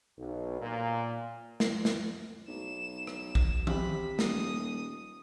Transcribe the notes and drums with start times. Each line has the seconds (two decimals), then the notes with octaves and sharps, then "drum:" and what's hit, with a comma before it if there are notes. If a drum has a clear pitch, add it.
0.17 B1
0.60 A#2
1.60 drum: snare
1.85 drum: snare
2.48 B1 E7
3.07 drum: rim click
3.35 drum: kick A#1
3.67 C3 B5, drum: tom D#3
4.19 D#1 D#6, drum: snare